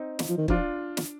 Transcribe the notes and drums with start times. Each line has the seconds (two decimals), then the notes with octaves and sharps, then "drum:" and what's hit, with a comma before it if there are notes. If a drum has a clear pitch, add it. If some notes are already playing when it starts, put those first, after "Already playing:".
Already playing: C4 D#4
0.19 drum: snare
0.29 F3
0.38 D#3
0.48 F3 D4 F4, drum: kick
0.97 drum: snare